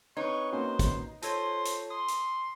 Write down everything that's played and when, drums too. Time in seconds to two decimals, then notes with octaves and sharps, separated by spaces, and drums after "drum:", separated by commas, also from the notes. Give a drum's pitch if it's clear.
0.17 C4 D#4 B4 C#5 C#6
0.52 A#3 C#4 F#4 C5
0.79 drum: kick, hi-hat
1.22 F4 A4 C5 C#5 A5, drum: hi-hat
1.65 drum: hi-hat
1.90 C6 D#6
2.08 drum: hi-hat